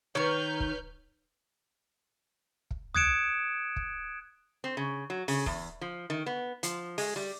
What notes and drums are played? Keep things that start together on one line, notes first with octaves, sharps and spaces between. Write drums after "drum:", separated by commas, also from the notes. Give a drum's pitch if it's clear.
D#3 B4 C#5 A#5 F6 G6
drum: kick
drum: kick
D#6 F#6 G#6 C#7 D7 E7, drum: tom
drum: kick
C4
C#3
F#3
C#3, drum: open hi-hat
E2, drum: kick
F3
D#3
B3
F3, drum: hi-hat
G#3, drum: open hi-hat
G3